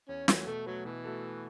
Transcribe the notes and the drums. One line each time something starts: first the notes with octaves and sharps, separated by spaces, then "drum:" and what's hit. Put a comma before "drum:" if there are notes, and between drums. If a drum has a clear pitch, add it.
E2 C#4
E3 F#3 A3, drum: snare
B2 A3
F#3 A3 F#4 B4
B2 E3
A3 F#4 A4